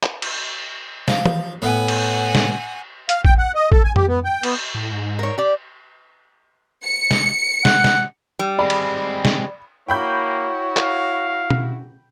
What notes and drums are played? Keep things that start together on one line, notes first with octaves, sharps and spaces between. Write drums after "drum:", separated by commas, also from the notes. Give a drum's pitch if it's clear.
drum: clap
drum: cymbal
F3, drum: snare
drum: tom E3
A2 B3 F#5 G#5
drum: cymbal
drum: snare
F5, drum: hi-hat
G5, drum: kick A1
F#5
D#5
A4, drum: kick A1
G#5
G4, drum: tom F2
B3
G5
B3, drum: cymbal
A2
G#2
A#4 C#5
G4 D5
C#7
drum: snare
F#5, drum: snare
drum: snare
G3
G#3 C4 D5 B5
drum: cymbal
drum: snare
A#3 E4 F#4 C#5 G5 B5 G6
F5, drum: clap
drum: tom B2